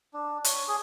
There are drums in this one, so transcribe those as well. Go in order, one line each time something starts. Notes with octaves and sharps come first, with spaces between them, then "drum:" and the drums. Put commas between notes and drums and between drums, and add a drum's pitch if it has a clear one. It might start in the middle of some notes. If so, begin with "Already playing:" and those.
D4
C#5, drum: hi-hat
G#4